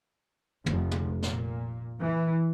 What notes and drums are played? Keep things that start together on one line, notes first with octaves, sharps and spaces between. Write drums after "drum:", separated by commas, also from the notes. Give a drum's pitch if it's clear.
F1, drum: tom
drum: tom
A#2, drum: snare
E3